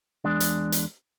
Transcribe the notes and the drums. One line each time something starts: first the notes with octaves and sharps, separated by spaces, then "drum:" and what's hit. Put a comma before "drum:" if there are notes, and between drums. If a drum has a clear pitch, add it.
E2 G#3 D4
drum: hi-hat
drum: hi-hat